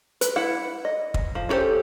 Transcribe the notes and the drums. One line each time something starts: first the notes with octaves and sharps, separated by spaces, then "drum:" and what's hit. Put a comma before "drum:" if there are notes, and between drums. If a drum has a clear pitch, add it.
B4, drum: hi-hat
E4 F#5
D#5
drum: kick
F3
C#4 F#4 G4 A4 C5